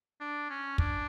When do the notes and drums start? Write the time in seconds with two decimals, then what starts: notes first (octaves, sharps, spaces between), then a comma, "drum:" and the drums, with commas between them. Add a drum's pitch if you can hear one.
0.21 D4
0.50 C#4
0.78 D4, drum: kick